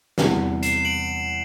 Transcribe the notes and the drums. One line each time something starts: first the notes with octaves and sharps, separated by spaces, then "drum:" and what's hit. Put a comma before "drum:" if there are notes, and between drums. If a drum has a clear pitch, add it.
E2 C3 G3 B3, drum: snare
C7 E7, drum: hi-hat
D7 F#7